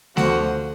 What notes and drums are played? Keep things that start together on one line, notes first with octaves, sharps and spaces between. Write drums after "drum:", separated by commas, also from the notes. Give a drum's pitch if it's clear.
D2 D3 F3 F#4, drum: snare A3